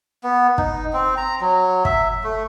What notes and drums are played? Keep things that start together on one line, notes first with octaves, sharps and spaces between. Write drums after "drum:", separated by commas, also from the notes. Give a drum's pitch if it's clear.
B3
D#4, drum: kick
C4
A#5
F#3
E5, drum: kick
A3